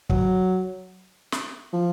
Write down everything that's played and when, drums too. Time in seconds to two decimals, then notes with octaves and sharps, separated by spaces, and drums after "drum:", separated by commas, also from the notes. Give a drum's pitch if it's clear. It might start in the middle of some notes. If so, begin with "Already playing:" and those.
0.10 F#3, drum: kick
1.32 drum: snare
1.73 F3